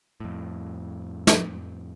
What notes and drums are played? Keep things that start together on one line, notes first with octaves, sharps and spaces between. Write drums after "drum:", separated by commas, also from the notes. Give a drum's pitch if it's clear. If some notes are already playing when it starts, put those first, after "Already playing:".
F2 A2
drum: snare